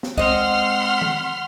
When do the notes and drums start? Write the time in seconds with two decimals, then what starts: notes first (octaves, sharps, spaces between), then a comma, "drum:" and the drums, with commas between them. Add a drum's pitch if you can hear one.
0.03 drum: snare
0.18 G#3 C4 C5 D#5 F#5 C6 F6, drum: kick
1.02 drum: tom D#3